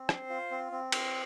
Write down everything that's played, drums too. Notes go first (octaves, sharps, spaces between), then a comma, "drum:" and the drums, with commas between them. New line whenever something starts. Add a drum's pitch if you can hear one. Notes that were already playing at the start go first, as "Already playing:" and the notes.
Already playing: C4
C5, drum: rim click
F4
C4
C4
C5, drum: cymbal